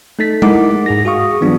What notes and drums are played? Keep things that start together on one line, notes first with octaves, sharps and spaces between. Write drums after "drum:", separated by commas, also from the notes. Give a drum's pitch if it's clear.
A3 D#4 A4 A6 B6
D#4 E4 G#4 A#4 F#5 D6, drum: tom G#3
G#2 G#4 A#6
F#4 G#4 F5 C#6 D#6
E3 F#3 G3 B3 D4 F4